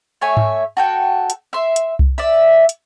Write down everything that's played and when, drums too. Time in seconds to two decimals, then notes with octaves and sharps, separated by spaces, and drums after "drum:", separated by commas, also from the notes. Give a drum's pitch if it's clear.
0.21 A3 C#5 E5 G#5
0.37 drum: tom G#2
0.77 F#4 A4 G5
1.30 drum: hi-hat
1.53 E5 C6
1.76 drum: hi-hat
1.99 drum: kick C2
2.18 D5 E5
2.69 drum: hi-hat